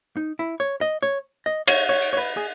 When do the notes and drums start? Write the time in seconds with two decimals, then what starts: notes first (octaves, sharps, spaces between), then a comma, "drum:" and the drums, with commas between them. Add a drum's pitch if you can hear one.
0.17 D#4
0.39 E4
0.60 C#5
0.81 D#5
1.03 C#5
1.46 D#5
1.68 C#5, drum: cymbal
1.89 C#5
2.02 drum: tambourine
2.13 C#5
2.17 B4
2.37 G#4